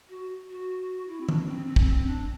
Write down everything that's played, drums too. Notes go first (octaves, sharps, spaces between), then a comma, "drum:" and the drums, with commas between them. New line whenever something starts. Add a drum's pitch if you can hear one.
F#4
F#4
E4
C4
D4, drum: tom D#3
D4
C4
C4
drum: kick
C4
D4